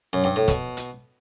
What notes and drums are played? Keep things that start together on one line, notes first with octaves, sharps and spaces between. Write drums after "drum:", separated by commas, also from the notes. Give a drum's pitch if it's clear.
F#2
G2
A2
B2, drum: kick, hi-hat
drum: hi-hat